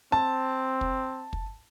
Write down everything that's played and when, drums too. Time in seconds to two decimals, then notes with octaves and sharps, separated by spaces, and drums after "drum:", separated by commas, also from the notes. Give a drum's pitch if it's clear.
0.12 C4 A5
0.81 drum: kick
1.33 drum: kick